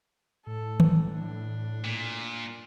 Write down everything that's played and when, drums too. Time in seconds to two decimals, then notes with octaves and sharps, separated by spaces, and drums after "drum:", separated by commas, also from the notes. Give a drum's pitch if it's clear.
0.47 A2 A4
0.80 drum: tom D#3
1.13 D4
1.84 A#2